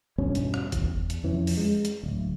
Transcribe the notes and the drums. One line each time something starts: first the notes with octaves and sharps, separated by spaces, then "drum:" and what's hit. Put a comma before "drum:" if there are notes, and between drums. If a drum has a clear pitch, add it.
E2 G2 B2 C#4
drum: hi-hat
drum: rim click
E2, drum: kick F#1, hi-hat
drum: hi-hat
F2 E3 C#4
drum: open hi-hat
G#3
drum: hi-hat
D1